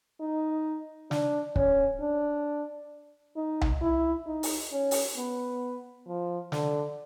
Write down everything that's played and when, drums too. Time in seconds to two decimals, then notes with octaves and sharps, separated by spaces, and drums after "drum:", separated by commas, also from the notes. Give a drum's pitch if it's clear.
0.20 D#4
1.11 D4, drum: snare
1.56 C#4, drum: kick
2.01 D4
3.37 D#4
3.61 drum: tom C2
3.81 E4
4.26 D#4
4.43 drum: open hi-hat
4.72 C#4
4.91 drum: open hi-hat
5.17 B3
6.07 F3
6.52 D3, drum: snare